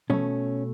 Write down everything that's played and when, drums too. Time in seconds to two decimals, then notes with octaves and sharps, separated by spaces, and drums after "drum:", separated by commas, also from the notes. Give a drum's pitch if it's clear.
0.10 B2 A3 C#4, drum: tom